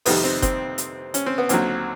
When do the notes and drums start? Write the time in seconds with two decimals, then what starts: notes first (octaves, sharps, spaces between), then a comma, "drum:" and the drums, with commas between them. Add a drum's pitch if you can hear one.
0.06 F2 C3 D#3 G3 B3, drum: open hi-hat
0.24 C4
0.42 C4, drum: kick F#1, hi-hat
0.78 drum: hi-hat
1.14 C#4, drum: hi-hat
1.26 C4
1.38 B3
1.49 D#2 D3 F#3 C4, drum: hi-hat